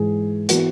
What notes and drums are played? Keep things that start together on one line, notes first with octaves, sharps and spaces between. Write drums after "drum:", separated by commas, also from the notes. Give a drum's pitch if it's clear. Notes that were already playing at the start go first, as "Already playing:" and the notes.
Already playing: G#2 E3 G#3 G#4
E3 B3 F#4, drum: hi-hat